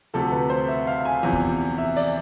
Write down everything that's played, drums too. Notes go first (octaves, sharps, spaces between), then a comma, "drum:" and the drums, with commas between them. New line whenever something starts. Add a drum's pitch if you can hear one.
D2 C3 F3 A4
B4
C5
E5
F5
G#5
E2 C3 F3 G#5
drum: kick
E5
D5, drum: open hi-hat